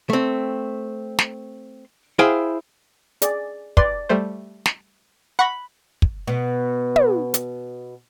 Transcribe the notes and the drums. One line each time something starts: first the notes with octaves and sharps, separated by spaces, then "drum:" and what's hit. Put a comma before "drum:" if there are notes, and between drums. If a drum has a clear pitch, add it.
A3 C4
drum: snare
E4 G#4 C5 F5 G5 G#5
G#4 D5, drum: hi-hat
B4 D5 C6, drum: kick
G3 A3 C5
drum: snare
F#5 B5 C#6 A#6
drum: kick
B2 B3
drum: tom
drum: hi-hat